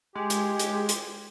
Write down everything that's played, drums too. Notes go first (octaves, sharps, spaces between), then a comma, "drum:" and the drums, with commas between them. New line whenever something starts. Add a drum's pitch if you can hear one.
G#3 G4
drum: hi-hat
drum: hi-hat
drum: hi-hat